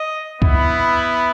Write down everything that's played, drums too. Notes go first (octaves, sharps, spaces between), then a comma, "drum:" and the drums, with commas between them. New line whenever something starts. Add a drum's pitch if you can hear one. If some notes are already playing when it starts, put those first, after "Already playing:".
Already playing: D#5
B3 E4, drum: kick